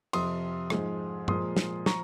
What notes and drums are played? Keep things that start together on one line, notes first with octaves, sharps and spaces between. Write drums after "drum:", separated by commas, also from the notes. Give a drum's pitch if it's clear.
F2 C3 F3 C6 D#6, drum: cymbal
G#2 F3 G#3, drum: rim click
A#2 F3 G#3 C6 D#6, drum: tom
drum: snare
F3 A#5 C#6, drum: snare